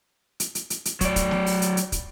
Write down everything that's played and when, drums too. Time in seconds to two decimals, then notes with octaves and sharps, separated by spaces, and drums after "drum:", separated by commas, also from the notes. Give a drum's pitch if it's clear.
0.40 drum: hi-hat
0.55 drum: hi-hat
0.70 drum: hi-hat
0.85 drum: hi-hat
1.01 F#3 D5, drum: kick, hi-hat
1.16 drum: kick, hi-hat
1.31 drum: snare
1.46 drum: open hi-hat
1.62 drum: hi-hat
1.77 drum: hi-hat
1.92 drum: kick, hi-hat